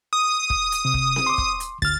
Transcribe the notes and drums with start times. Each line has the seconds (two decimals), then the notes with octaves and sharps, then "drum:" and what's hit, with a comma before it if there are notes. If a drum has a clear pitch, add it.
0.13 D#6
0.50 drum: kick
0.72 drum: hi-hat
0.85 C3
0.94 drum: kick
1.16 drum: snare C4
1.27 C6 D6
1.38 drum: kick
1.60 drum: hi-hat
1.82 D2 F6 A6, drum: kick